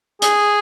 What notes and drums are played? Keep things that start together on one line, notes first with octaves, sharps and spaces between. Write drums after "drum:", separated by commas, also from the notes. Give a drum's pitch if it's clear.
G#4, drum: hi-hat